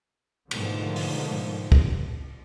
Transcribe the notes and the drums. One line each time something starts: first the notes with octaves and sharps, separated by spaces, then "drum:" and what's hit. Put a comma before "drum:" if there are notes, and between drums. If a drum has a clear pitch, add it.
G#2 B2 D3 D#3 F3 A3, drum: cymbal
drum: open hi-hat
drum: kick